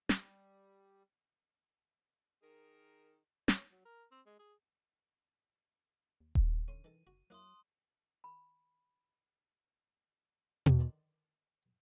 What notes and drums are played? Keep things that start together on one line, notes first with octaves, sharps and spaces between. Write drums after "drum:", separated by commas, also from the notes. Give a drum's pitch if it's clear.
G3, drum: snare
D#3 G#4 A#4
C#5, drum: snare
F#3
A#4
C4
G#3
G#4
D#2
A1, drum: kick D#1
D3 C#4 C6 D#7
D#3 E3 A4
F#1 F#4
F#3 A#3 E4 C6 D#6 F#6
B5
drum: tom B2
D3 D#3 D4 D#4 D5 C6